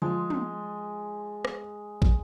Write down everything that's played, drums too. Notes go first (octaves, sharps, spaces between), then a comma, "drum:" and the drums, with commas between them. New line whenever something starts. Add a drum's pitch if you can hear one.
F3 G#3
drum: tom
drum: rim click
drum: kick